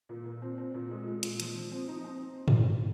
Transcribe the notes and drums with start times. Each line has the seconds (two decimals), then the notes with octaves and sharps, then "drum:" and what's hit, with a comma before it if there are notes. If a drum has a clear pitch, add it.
0.09 A#2
0.26 A#2
0.42 C4
0.58 C4
0.74 A#2
0.91 G#3
1.07 G#3
1.23 A#2, drum: hi-hat
1.40 F3, drum: hi-hat
1.56 F3
1.72 C4
1.88 D#4
2.04 C4
2.48 drum: tom G2